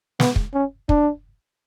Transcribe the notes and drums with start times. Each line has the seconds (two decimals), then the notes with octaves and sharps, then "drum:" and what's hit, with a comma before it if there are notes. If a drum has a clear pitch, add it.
0.20 B3, drum: snare
0.36 drum: kick
0.54 C#4
0.89 D4, drum: kick